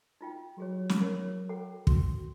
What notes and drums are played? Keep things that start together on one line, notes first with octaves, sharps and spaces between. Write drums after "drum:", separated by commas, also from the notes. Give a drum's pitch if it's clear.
D#4 F4 G5
F#3 G4 G#4 C#5
drum: snare
A#4 C#5
A4 F#5 G5
F#4, drum: kick